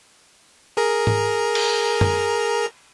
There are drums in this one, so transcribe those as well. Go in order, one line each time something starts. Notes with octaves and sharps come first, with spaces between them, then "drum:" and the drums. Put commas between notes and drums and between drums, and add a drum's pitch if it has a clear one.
G#4 A#4 A#5
drum: tom G#2
drum: cymbal
drum: tom F#2